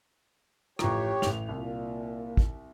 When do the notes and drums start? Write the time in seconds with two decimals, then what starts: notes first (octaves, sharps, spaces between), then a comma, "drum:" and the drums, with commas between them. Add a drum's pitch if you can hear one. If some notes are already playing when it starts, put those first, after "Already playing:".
0.79 A1 F3 G4 C#5 A#5, drum: rim click
1.22 A1 F7, drum: snare
1.49 C2 A#2
2.37 drum: kick